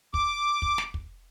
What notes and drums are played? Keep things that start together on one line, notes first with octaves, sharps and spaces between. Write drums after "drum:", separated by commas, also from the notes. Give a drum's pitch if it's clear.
D6, drum: kick
drum: kick
drum: snare
drum: kick